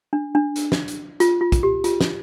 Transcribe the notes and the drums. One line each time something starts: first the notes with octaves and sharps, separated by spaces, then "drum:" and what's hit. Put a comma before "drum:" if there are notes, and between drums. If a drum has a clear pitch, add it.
D4
D4
drum: hi-hat
drum: snare
drum: hi-hat
F4, drum: hi-hat
F4
drum: kick, hi-hat
G4
F4, drum: hi-hat
drum: snare